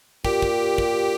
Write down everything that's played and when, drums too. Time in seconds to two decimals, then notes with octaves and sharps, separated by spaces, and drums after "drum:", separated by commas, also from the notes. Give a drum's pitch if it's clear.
0.25 A#2 G4, drum: kick
0.42 drum: kick
0.78 drum: kick